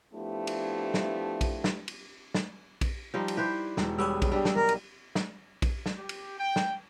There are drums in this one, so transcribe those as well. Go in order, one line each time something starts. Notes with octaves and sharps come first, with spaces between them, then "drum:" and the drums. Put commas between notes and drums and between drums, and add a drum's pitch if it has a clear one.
F3 A3 B3 D4 E4 G4
drum: cymbal
drum: snare
drum: kick A#1, cymbal
drum: snare
drum: cymbal
drum: snare
drum: kick A#1, cymbal
F3 G3 D#4
drum: cymbal
E4 G4 B4 C5
E1, drum: snare
G3 B3 G#4 C#5 E6
drum: kick A#1, cymbal
G3 D4 G4
drum: snare
B1 A#4
drum: cymbal
drum: snare
drum: kick A#1, cymbal
drum: snare
G4
drum: cymbal
G5
drum: snare